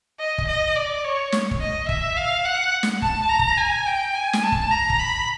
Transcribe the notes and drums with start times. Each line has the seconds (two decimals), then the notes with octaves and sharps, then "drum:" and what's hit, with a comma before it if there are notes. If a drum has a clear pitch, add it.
0.20 D#5
0.38 drum: kick
0.48 D#5
0.76 D5
1.04 C#5
1.32 drum: snare
1.51 drum: kick
1.61 D#5
1.89 E5, drum: kick
2.17 F5
2.45 F#5
2.83 drum: snare
3.02 A5, drum: kick
3.30 A#5
3.39 drum: kick
3.58 G#5
3.86 G5
4.15 G#5
4.33 drum: snare
4.43 A5
4.52 drum: kick
4.71 A#5
4.90 drum: kick
4.99 B5